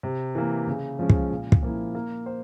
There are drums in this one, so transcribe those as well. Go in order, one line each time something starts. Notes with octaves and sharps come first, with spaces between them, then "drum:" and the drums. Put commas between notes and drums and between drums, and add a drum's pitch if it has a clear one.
C3
E3 A#3
C#3
F3 G#3 C#4
drum: kick
A#2
drum: kick
F3 A#3 E4
A#3
C5